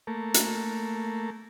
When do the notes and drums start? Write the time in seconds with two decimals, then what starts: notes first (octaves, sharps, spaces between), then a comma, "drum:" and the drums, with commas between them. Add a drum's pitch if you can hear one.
0.07 A3 A#3
0.34 drum: hi-hat